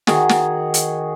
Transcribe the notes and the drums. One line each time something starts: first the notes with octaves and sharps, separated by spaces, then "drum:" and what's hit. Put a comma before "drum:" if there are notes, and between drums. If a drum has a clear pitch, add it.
D#3 F#4 G#4, drum: snare
drum: snare
drum: hi-hat